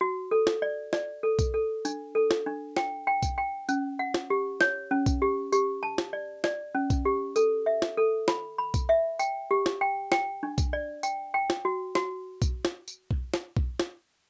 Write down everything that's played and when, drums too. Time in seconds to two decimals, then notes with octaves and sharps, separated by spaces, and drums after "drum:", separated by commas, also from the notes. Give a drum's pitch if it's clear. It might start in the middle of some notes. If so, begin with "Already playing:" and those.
0.01 F#4
0.31 A4
0.47 drum: snare
0.62 D5
0.93 D5, drum: snare
1.23 A4
1.39 drum: kick B1, tambourine
1.54 A4
1.85 D4, drum: tambourine
2.15 A4
2.31 drum: snare
2.46 D4
2.76 G5, drum: snare
3.07 G5
3.23 drum: kick B1, tambourine
3.38 G5
3.69 C#4, drum: tambourine
3.99 F#5
4.14 drum: snare
4.30 G4
4.61 C#5, drum: snare
4.91 C#4
5.06 drum: kick B1, tambourine
5.22 G4
5.53 G4, drum: tambourine
5.83 A5
5.98 drum: snare
6.13 D5
6.44 D5, drum: snare
6.75 C#4
6.90 drum: kick B1, tambourine
7.05 G4
7.36 A4, drum: tambourine
7.66 E5
7.82 drum: snare
7.97 A4
8.28 B5, drum: snare
8.58 B5
8.74 drum: kick B1, tambourine
8.89 E5
9.19 G5, drum: tambourine
9.51 G4
9.66 drum: snare
9.81 G5
10.12 G5, drum: snare
10.43 D4
10.58 drum: kick B1, tambourine
10.73 D5
11.03 G5, drum: tambourine
11.34 G5
11.50 drum: snare
11.65 F#4
11.95 F#4, drum: snare
12.42 drum: kick B1, tambourine
12.65 drum: snare
12.88 drum: tambourine
13.11 drum: kick B1
13.34 drum: snare
13.57 drum: kick B1
13.80 drum: snare